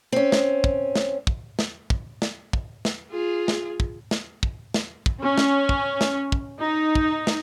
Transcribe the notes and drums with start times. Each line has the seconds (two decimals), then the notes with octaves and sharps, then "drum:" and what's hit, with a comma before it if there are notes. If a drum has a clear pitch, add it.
0.12 C4 C#4
0.32 drum: snare
0.64 drum: kick
0.96 drum: snare
1.27 drum: kick
1.59 drum: snare
1.90 drum: kick
2.22 drum: snare
2.53 drum: kick
2.85 drum: snare
3.10 F4 G#4
3.48 drum: snare
3.80 drum: kick
4.11 drum: snare
4.43 drum: kick
4.74 drum: snare
5.06 drum: kick
5.22 C#4
5.38 drum: snare
5.69 drum: kick
6.01 drum: snare
6.32 drum: kick
6.60 D#4
6.95 drum: kick
7.27 drum: snare